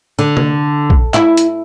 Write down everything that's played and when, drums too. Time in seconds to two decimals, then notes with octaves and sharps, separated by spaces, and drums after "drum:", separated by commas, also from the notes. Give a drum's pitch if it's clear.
0.19 D3
0.37 drum: tom C3
0.90 drum: kick A#1
1.14 E4, drum: clap
1.37 drum: hi-hat